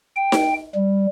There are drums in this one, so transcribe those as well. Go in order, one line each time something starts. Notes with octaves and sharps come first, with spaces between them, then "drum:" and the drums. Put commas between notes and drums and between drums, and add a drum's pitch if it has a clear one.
G5
drum: snare D#4
G3